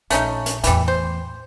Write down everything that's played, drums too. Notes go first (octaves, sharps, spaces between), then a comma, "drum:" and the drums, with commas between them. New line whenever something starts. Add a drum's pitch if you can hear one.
A#1 A3 C#4 D#4, drum: hi-hat
drum: hi-hat
E2 A2 E3 G3, drum: hi-hat
C5